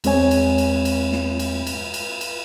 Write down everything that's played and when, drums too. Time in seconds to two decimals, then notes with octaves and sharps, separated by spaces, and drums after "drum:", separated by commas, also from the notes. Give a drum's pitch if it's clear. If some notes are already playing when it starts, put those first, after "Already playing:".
0.04 E2 G#3 C4 C#5 G#5, drum: cymbal
0.31 drum: cymbal
0.58 drum: cymbal
0.85 drum: cymbal
1.12 drum: snare
1.39 drum: cymbal
1.67 drum: cymbal
1.94 drum: cymbal
2.21 drum: cymbal